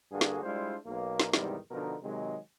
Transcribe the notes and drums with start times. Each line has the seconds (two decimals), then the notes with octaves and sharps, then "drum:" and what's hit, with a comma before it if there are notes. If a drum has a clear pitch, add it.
0.12 G2 D3 A#3 F#4 G#4
0.21 drum: snare
0.43 G3 G#3 D4 E4 F4 C5
0.86 B1 A#3
1.19 drum: snare
1.33 E2 G#2 C3 D#3 G3, drum: snare
1.71 B2 D3 F3 D#4 A#4
2.03 C3 D#3 F#3 G#3